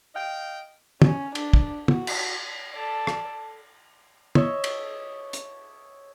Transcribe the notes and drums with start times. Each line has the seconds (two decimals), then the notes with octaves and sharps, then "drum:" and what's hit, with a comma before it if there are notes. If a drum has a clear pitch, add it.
0.14 D#5 F5 G5
1.02 C#4, drum: tom
1.35 D4, drum: cymbal
1.53 drum: kick
1.88 F#4, drum: tom
2.07 drum: cymbal
2.72 A4 D5
3.07 drum: rim click
4.35 C#5 D#5 E5, drum: tom
4.64 drum: cymbal
5.33 drum: hi-hat